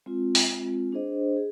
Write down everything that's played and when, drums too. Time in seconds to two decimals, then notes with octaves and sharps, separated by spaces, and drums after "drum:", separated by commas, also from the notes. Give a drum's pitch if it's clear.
0.06 G#3 C4 F4
0.35 drum: open hi-hat
0.49 G#3 C4 F4
0.92 D4 G#4 C5 D#5
1.36 G#4